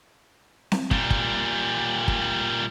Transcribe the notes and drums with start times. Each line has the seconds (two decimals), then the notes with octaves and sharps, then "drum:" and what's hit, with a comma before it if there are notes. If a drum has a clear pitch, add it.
0.72 drum: snare C4
0.91 A#2 G3, drum: kick
1.11 drum: kick
2.08 drum: kick